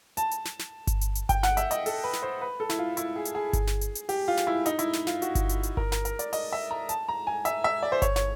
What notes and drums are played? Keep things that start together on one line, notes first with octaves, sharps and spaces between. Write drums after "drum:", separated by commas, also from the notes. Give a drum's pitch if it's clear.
A5, drum: hi-hat
drum: hi-hat
drum: snare
drum: snare
drum: kick G1, hi-hat
drum: hi-hat
drum: hi-hat
G5, drum: kick G1, hi-hat
F#5, drum: snare
E5, drum: hi-hat
D#5, drum: hi-hat
A4, drum: open hi-hat
B4
drum: snare
C5
B4
A4
E4, drum: snare
F4
E4, drum: hi-hat
G#4
drum: hi-hat
G#4
drum: kick G1, hi-hat
drum: snare
drum: hi-hat
drum: hi-hat
G4, drum: open hi-hat
F4
drum: snare
E4
D#4, drum: hi-hat
E4, drum: hi-hat
drum: snare
F4, drum: snare
F#4, drum: hi-hat
drum: kick G1, hi-hat
drum: hi-hat
drum: hi-hat
A#4, drum: kick G1
A#4, drum: snare
A#4, drum: hi-hat
D5, drum: hi-hat
D#5, drum: open hi-hat
E5
A#5
A5, drum: hi-hat
A#5
G#5
E5, drum: hi-hat
E5
D5
C5
C#5, drum: kick G1, hi-hat
C#5, drum: snare